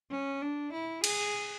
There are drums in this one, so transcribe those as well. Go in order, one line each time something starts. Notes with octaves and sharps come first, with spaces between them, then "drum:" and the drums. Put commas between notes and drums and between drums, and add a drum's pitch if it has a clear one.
C#4
D4
E4
G#4, drum: cymbal